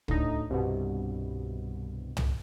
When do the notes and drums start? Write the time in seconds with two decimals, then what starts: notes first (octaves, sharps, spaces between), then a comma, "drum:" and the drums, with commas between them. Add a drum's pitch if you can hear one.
0.08 D2 A2 D#4, drum: kick
0.50 C2 G2 B2
2.17 drum: tom